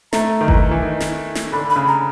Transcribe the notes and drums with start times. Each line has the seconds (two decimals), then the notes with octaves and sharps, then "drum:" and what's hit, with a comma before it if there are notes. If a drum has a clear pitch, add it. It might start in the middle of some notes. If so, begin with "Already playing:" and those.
0.13 A3 A#5, drum: snare
0.41 D#3
0.48 E3, drum: kick G1
0.71 E3
0.82 D#3
1.00 drum: snare
1.35 drum: snare
1.53 D3 B5
1.70 B5
1.76 C#3
1.88 A#5